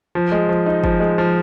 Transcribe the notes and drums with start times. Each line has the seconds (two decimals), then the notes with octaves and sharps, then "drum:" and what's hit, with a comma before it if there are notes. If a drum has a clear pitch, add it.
0.15 F3
0.32 G#3
0.49 F3
0.66 D#4
0.84 F3, drum: kick
1.00 G#3
1.18 F3